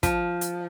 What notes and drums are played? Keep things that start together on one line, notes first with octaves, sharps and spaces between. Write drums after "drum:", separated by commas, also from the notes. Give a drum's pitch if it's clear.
F3, drum: kick, hi-hat
drum: hi-hat